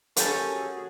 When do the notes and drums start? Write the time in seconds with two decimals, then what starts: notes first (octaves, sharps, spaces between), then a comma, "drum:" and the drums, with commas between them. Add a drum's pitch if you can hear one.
0.16 C#4 G4 A4 A#4 G6 A6, drum: hi-hat
0.51 F#4 G#4